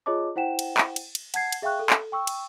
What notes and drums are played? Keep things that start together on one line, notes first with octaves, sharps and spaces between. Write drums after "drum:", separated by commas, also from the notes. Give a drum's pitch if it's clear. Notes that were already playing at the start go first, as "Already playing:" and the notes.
F4 G#4 C#5 D#5 A5 D6
E4 C5 F#5 G5 E7
drum: cymbal
drum: clap
drum: cymbal
drum: cymbal
F#5 A5 G#6 C7, drum: cymbal
drum: cymbal
G#4 E5 F5 G5 C#6 F#6
A4
drum: clap
G5 C#6 E6
drum: cymbal